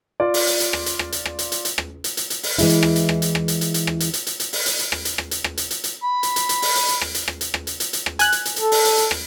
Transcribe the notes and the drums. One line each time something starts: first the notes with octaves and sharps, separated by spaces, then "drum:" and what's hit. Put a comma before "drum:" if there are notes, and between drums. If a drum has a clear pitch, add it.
F4 D5
drum: open hi-hat
drum: hi-hat
drum: hi-hat
drum: rim click
drum: hi-hat
drum: rim click
drum: hi-hat
drum: rim click
drum: hi-hat
drum: hi-hat
drum: hi-hat
drum: rim click
drum: hi-hat
drum: hi-hat
drum: hi-hat
drum: open hi-hat
E3 G#3 E4, drum: hi-hat
drum: hi-hat
drum: rim click
drum: hi-hat
drum: rim click
drum: hi-hat
drum: rim click
drum: hi-hat
drum: hi-hat
drum: hi-hat
drum: rim click
drum: hi-hat
drum: hi-hat
drum: hi-hat
drum: hi-hat
drum: open hi-hat
drum: hi-hat
drum: hi-hat
drum: rim click
drum: hi-hat
drum: rim click
drum: hi-hat
drum: rim click
drum: hi-hat
drum: hi-hat
drum: hi-hat
B5
drum: hi-hat
drum: hi-hat
drum: hi-hat
drum: open hi-hat
drum: hi-hat
drum: hi-hat
drum: rim click
drum: hi-hat
drum: rim click
drum: hi-hat
drum: rim click
drum: hi-hat
drum: hi-hat
drum: hi-hat
drum: rim click
G#5 F#6, drum: hi-hat
drum: hi-hat
drum: hi-hat
A4, drum: hi-hat
drum: open hi-hat
drum: hi-hat
drum: hi-hat
drum: rim click